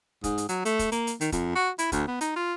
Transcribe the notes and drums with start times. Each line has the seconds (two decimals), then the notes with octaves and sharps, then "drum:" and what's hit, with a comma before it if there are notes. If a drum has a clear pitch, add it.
0.24 G#2, drum: kick, hi-hat
0.38 drum: hi-hat
0.49 F#3, drum: hi-hat
0.65 A3, drum: hi-hat
0.79 drum: kick, hi-hat
0.92 A#3, drum: hi-hat
1.07 drum: hi-hat
1.21 D#3, drum: hi-hat
1.32 F2, drum: kick, hi-hat
1.55 F#4
1.79 E4, drum: hi-hat
1.92 D2, drum: kick, hi-hat
2.08 B3
2.21 D#4, drum: hi-hat
2.36 F4